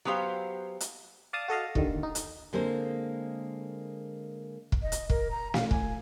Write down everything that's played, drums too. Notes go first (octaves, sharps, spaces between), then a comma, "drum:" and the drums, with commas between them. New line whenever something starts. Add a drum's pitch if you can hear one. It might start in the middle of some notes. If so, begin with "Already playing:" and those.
F#3 B3 G4 C5 F5
drum: hi-hat
D5 F5 A5 D#6
F#4 A4 D#5 F5
D#2 D3 D#3, drum: kick
D#4
drum: hi-hat
D3 G#3 A#3 C4 G#4 C5
drum: kick
D#5
drum: hi-hat
A#4, drum: kick
A#5
F5, drum: snare
G#5, drum: kick